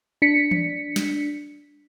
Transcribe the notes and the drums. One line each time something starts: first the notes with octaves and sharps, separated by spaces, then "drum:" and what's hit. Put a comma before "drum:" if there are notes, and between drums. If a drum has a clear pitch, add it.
D4 B6 C#7
drum: tom E3
drum: snare